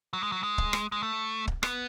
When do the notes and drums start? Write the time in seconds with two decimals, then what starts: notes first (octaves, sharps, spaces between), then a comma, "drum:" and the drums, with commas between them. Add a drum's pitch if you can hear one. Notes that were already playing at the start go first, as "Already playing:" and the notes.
0.13 F#3
0.23 G#3
0.32 F#3
0.43 G#3
0.58 drum: kick
0.73 drum: rim click
0.92 G#3
1.03 A3
1.47 drum: kick
1.63 B3, drum: rim click